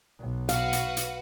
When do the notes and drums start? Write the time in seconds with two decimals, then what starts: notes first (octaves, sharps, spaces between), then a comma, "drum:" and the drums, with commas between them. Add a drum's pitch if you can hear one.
0.19 B1
0.49 F#4 B4 F5 F#5, drum: hi-hat
0.73 drum: hi-hat
0.97 drum: hi-hat